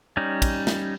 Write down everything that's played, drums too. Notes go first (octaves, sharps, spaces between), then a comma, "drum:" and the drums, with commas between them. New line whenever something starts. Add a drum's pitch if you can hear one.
G3 C#4 D#4
drum: kick, cymbal
drum: snare